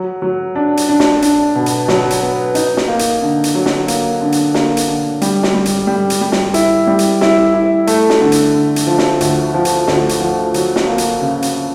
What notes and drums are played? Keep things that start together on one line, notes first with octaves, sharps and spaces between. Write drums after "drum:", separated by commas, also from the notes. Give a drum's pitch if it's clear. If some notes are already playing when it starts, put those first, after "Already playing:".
Already playing: F#3
F#3
D4
drum: hi-hat
D4
drum: snare
D4, drum: hi-hat
B2
drum: hi-hat
F#3, drum: snare
drum: hi-hat
B3
D#4, drum: hi-hat
drum: snare
A#3
drum: hi-hat
D3
drum: hi-hat
F#3
drum: snare
A#3, drum: hi-hat
D3
drum: hi-hat
A#3, drum: snare
drum: hi-hat
D3
G3, drum: hi-hat
drum: snare
G3
drum: hi-hat
G3
drum: hi-hat
G3
drum: snare
E4, drum: hi-hat
G3
drum: hi-hat
E4, drum: snare
E4
A3, drum: hi-hat
drum: snare
D3
drum: hi-hat
D3
drum: hi-hat
F3
drum: snare
D2, drum: hi-hat
F3
drum: hi-hat
D2, drum: snare
drum: hi-hat
F3
F#3, drum: hi-hat
drum: snare
A#3
drum: hi-hat
C#3
drum: hi-hat